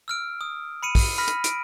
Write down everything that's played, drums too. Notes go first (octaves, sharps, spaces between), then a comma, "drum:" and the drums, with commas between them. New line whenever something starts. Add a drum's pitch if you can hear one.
E6 F6 D7
D#6
B5 C#7 D#7
drum: kick, open hi-hat
B5 F6 A#6 B6
drum: hi-hat
D7, drum: hi-hat